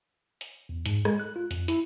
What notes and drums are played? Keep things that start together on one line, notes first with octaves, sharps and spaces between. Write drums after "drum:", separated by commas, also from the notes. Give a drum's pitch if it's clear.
drum: hi-hat
E2
G#2, drum: hi-hat
G#3, drum: rim click
F#6
F4
F2, drum: hi-hat
E4, drum: hi-hat